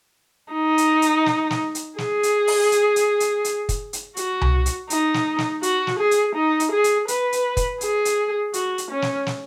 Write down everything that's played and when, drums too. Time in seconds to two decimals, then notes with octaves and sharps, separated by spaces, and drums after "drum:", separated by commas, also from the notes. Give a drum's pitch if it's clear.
0.53 D#4
0.78 drum: hi-hat
1.02 drum: hi-hat
1.26 drum: snare
1.50 drum: snare
1.75 drum: hi-hat
1.98 G#4, drum: snare
2.23 drum: hi-hat
2.47 drum: open hi-hat
2.72 drum: hi-hat
2.96 drum: hi-hat
3.20 drum: hi-hat
3.44 drum: hi-hat
3.69 drum: kick, hi-hat
3.93 drum: hi-hat
4.17 F#4, drum: hi-hat
4.41 drum: tom C2
4.66 drum: hi-hat
4.90 D#4, drum: hi-hat
5.14 drum: snare
5.38 drum: snare
5.63 F#4, drum: hi-hat
5.87 drum: snare
5.99 G#4
6.11 drum: hi-hat
6.35 D#4
6.60 drum: hi-hat
6.72 G#4
6.84 drum: hi-hat
7.08 B4, drum: hi-hat
7.32 drum: hi-hat
7.57 drum: kick, hi-hat
7.81 G#4, drum: hi-hat
8.05 drum: hi-hat
8.54 F#4, drum: hi-hat
8.78 drum: hi-hat
8.90 C#4
9.02 drum: snare
9.26 drum: snare